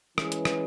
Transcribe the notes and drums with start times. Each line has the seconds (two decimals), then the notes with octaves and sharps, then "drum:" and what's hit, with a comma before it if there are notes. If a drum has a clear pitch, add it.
0.18 E3 G#3 C#4 G#4 B4, drum: rim click
0.32 drum: hi-hat
0.45 drum: rim click